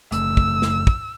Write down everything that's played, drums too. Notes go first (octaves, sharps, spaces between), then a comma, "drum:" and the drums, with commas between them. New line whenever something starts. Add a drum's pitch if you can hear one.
F#1 A3 E6, drum: hi-hat
drum: kick
drum: snare
drum: kick